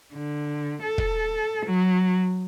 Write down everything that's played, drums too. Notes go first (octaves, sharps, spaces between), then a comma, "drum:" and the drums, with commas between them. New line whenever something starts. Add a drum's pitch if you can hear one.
D3
A4
drum: kick
F#3